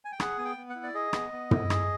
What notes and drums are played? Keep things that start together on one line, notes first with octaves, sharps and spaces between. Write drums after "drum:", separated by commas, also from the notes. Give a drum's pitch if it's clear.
G#5
G5
G#4 F#5, drum: rim click
B3 G#5
G5
B3
F#5
E4
D5
G#4 D#5
B3, drum: rim click
B3
E4, drum: tom
G#4, drum: rim click